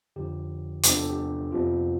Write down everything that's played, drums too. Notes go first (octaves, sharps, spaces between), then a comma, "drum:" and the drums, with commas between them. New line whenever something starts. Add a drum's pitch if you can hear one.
F2 D3 F3 G4
E2 C3 F3 B3 D4 G4, drum: hi-hat
A4
G4
F2 C3 F3 B3 F4